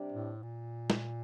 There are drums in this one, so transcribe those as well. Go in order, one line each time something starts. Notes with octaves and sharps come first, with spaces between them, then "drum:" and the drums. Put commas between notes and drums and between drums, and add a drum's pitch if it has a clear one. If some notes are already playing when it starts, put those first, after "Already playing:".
Already playing: C3 G3 D4
A2
A#2
drum: snare